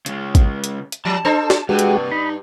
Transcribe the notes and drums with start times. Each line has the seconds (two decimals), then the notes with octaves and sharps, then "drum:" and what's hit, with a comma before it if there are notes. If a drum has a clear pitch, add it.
0.06 C#3 G#3, drum: hi-hat
0.35 drum: kick G#1, hi-hat
0.64 drum: hi-hat
0.92 drum: hi-hat
1.05 F3 A5
1.25 D4 A4 C5
1.50 drum: snare
1.69 G2 C3 G#3 F#4 G4 B4
1.79 drum: hi-hat
2.12 D#4 B5